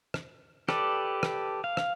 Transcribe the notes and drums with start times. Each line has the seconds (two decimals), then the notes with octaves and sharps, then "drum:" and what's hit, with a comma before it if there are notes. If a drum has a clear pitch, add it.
0.14 drum: rim click
0.69 G4 A4 B4 D5, drum: rim click
1.23 drum: rim click
1.64 F5
1.77 drum: rim click